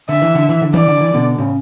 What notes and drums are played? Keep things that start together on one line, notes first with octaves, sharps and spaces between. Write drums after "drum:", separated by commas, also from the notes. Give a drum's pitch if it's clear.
D3 E5
E3
D3
E3
D3
E3 D5, drum: tom D#3
D3
E3
B2 D3
A2 C#3